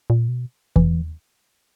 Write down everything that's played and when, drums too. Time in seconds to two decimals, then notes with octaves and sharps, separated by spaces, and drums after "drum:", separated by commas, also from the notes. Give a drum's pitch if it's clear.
0.10 A#2
0.28 B2
0.76 E3, drum: kick E2